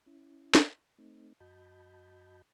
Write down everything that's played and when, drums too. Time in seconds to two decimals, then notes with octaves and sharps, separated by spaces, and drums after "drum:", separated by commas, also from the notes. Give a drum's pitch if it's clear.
0.06 C#4 E4
0.55 drum: snare
0.98 A3 C4 D#4
1.40 F#2 F#4 D#5 A5 B5 G6